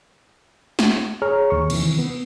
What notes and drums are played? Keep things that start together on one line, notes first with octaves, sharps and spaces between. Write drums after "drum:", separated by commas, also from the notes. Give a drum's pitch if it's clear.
drum: snare
G#4 C#5 A#5 C#6 F6
D#2 C#6
C3 D#3 E3, drum: cymbal
B3